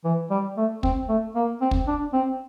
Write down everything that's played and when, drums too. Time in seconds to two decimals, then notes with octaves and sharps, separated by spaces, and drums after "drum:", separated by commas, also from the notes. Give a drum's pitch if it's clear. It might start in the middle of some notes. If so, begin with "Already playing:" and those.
0.05 E3
0.30 G3
0.57 A3
0.83 C4, drum: kick
1.09 A3
1.35 A#3
1.61 C4
1.71 drum: kick
1.87 D4
2.13 C4